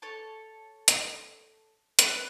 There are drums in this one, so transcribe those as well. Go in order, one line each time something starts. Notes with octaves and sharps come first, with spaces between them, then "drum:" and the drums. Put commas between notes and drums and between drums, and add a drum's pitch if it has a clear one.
A4 C#5 A5
drum: hi-hat
B3 C4 F#6, drum: hi-hat